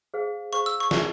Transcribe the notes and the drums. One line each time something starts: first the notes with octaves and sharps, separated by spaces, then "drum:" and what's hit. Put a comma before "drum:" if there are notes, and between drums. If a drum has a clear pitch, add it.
G#4 C5 F5
G#4 C5 F5 C#6
E6
C#6
E4 G#4 E5 G#5, drum: snare